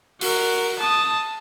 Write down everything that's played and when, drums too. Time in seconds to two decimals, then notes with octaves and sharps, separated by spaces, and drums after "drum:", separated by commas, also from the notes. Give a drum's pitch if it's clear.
0.21 F#4 A#4, drum: open hi-hat
0.79 A5 D#6